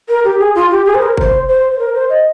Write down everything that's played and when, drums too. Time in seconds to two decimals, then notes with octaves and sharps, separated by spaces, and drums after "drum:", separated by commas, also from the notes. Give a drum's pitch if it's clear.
0.09 A#4
0.24 G4
0.39 G#4
0.55 F4
0.71 G4
0.86 G#4
0.95 C5
1.02 A#4
1.17 C5, drum: kick
1.49 C5
1.72 C5
1.79 A#4
1.95 C5
2.10 D#5